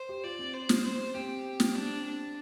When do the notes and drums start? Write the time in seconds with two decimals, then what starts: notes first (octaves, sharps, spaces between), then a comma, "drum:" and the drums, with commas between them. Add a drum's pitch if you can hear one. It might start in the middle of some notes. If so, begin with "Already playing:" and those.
Already playing: C5
0.09 G4
0.24 F4 D5
0.39 C4
0.54 C5
0.69 drum: snare
0.84 C5
1.14 C4 G4
1.60 drum: snare
1.75 D4
2.05 D4